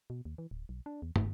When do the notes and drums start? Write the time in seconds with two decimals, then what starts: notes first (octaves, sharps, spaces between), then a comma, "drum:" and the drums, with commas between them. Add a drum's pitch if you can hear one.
0.10 B2
0.25 D#2
0.38 E3
0.51 D1
0.69 B1
0.86 D4
1.02 E2
1.16 F#1, drum: tom